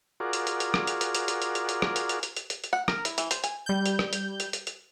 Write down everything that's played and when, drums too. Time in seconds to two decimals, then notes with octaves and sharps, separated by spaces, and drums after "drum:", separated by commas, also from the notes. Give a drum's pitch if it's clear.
0.20 F4 F#4 G#4 A#4 D5
0.33 drum: hi-hat
0.47 drum: hi-hat
0.60 drum: hi-hat
0.74 drum: rim click
0.87 drum: hi-hat
1.01 drum: hi-hat
1.15 drum: hi-hat
1.28 drum: hi-hat
1.42 drum: hi-hat
1.55 drum: hi-hat
1.69 drum: hi-hat
1.82 drum: rim click
1.96 drum: hi-hat
2.09 drum: hi-hat
2.23 drum: hi-hat
2.36 drum: hi-hat
2.50 drum: hi-hat
2.64 drum: hi-hat
2.73 F#5
2.88 A#4, drum: rim click
3.05 E4, drum: hi-hat
3.18 E3, drum: hi-hat
3.31 C5, drum: hi-hat
3.44 G#5, drum: hi-hat
3.66 G3 G6
3.86 drum: hi-hat
3.99 drum: rim click
4.13 drum: hi-hat
4.40 drum: hi-hat
4.53 drum: hi-hat
4.67 drum: hi-hat